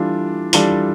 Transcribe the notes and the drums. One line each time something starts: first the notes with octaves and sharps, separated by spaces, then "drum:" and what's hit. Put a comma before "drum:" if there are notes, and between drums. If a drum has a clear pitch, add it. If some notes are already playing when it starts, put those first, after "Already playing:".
Already playing: E3 G3 D4 F4 A4
E3 G3 D4 F4 A4, drum: hi-hat